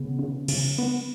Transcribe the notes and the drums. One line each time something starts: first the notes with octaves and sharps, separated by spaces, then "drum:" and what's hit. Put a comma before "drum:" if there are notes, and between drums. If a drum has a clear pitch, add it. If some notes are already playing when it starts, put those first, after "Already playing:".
Already playing: C#3 B3
C#3
C#3, drum: cymbal
B3